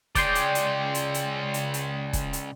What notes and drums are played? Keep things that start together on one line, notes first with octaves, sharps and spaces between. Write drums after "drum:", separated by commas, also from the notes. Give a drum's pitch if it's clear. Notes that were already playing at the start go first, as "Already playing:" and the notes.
C#3 G#3 D5 G5 C6, drum: kick, hi-hat
drum: hi-hat
drum: hi-hat
drum: hi-hat
drum: hi-hat
drum: hi-hat
drum: hi-hat
drum: kick, hi-hat
drum: hi-hat